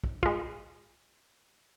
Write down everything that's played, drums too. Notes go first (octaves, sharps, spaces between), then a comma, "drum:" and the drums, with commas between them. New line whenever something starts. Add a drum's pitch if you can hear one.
drum: kick
G#3 F4, drum: kick